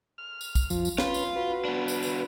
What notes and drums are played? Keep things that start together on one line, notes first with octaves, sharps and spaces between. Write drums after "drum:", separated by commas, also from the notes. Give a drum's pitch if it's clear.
F6
drum: tambourine
drum: kick, tambourine
F2 F3, drum: tambourine
drum: tambourine
C#4 F4 B4, drum: snare
drum: tambourine
F#4 B4
B3 D4
drum: tambourine
drum: tambourine